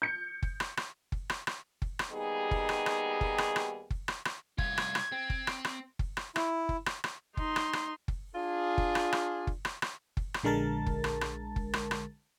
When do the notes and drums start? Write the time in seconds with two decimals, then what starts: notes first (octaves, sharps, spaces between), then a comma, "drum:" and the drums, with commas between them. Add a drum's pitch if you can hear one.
0.02 G6 C#7
0.43 drum: kick F#1
0.60 drum: rim click
0.77 drum: rim click
1.12 drum: kick F#1
1.30 drum: rim click
1.47 drum: rim click
1.82 drum: kick F#1
1.99 drum: rim click
2.11 D#2 G3 B3 D#4 G#4
2.51 drum: kick F#1
2.69 drum: rim click
2.86 drum: rim click
3.21 drum: kick F#1
3.38 drum: rim click
3.56 drum: rim click
3.90 drum: kick F#1
4.08 drum: rim click
4.25 drum: rim click
4.58 C2 F4 G#6, drum: kick F#1
4.77 drum: rim click
4.95 drum: rim click
5.12 C4
5.30 drum: kick F#1
5.47 drum: rim click
5.64 drum: rim click
5.99 drum: kick F#1
6.17 drum: rim click
6.36 E4, drum: rim click
6.69 drum: kick F#1
6.86 drum: rim click
7.04 drum: rim click
7.37 D#4 C6, drum: kick F#1
7.56 drum: rim click
7.73 drum: rim click
8.08 drum: kick F#1
8.34 D4 F4 G#4
8.78 drum: kick F#1
8.95 drum: rim click
9.12 drum: rim click
9.47 drum: kick F#1
9.65 drum: rim click
9.82 drum: rim click
10.17 drum: kick F#1
10.34 drum: rim click
10.43 A#1 D3 G#3 A#4 A5 A6
10.86 drum: kick F#1
11.04 drum: rim click
11.21 drum: rim click
11.56 drum: kick F#1
11.73 drum: rim click
11.91 drum: rim click